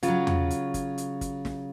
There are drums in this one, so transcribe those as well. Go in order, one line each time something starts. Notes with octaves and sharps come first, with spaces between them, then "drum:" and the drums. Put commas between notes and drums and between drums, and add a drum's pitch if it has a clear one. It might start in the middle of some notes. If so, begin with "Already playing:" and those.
C#3 F4, drum: hi-hat
F#3
drum: tom E2
drum: hi-hat
drum: kick, hi-hat
drum: hi-hat
drum: kick, hi-hat
drum: snare